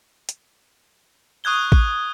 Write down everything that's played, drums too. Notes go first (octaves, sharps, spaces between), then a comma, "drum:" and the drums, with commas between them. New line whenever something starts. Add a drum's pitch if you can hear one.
drum: hi-hat
C#6 D#6 F#6 G#6 G7
drum: kick A1